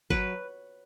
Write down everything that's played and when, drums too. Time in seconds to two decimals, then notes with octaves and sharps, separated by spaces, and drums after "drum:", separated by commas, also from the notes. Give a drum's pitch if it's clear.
0.10 F#3 B4, drum: kick G1